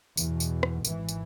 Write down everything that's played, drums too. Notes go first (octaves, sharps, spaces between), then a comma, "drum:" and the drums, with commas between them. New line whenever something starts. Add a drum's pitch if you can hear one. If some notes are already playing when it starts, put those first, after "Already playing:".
E2 B2, drum: tambourine
drum: tambourine
drum: rim click
G#1 E3, drum: tambourine
drum: tambourine